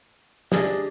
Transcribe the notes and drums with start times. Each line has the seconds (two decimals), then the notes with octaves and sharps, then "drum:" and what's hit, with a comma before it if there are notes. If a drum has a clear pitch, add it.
0.52 D4 G4 G#4 D#5, drum: snare